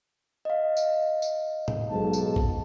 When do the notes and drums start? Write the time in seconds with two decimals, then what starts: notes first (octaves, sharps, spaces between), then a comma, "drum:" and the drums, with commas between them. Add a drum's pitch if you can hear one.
0.45 D#5 F5
0.77 drum: tambourine
1.22 drum: tambourine
1.68 drum: tom A2
1.91 B1 G#2 A5
2.13 drum: tambourine
2.36 drum: kick A#1